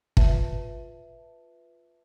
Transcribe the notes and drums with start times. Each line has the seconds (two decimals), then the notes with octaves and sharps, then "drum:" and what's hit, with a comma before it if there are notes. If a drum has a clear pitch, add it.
0.17 F4 B4 E5 A5, drum: kick